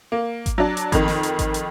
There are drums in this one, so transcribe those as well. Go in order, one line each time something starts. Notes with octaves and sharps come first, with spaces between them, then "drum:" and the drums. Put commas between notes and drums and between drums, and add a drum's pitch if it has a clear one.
A#3
drum: kick G#1, hi-hat
F#3 D4
drum: hi-hat
F2 D#3, drum: kick G#1, hi-hat
drum: snare
drum: hi-hat
drum: kick G#1, hi-hat
drum: hi-hat